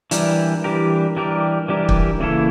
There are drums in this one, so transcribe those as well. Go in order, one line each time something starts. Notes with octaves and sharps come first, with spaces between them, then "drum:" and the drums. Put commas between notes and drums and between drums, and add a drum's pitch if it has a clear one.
E3 G3 D4 G4 A#4, drum: hi-hat
E3 G3 D4 G4 A#4
E3 G3 D4 G4 A#4
E3 G3 D4 G4 A#4
drum: kick
C#3 E3 A#3 E4 A4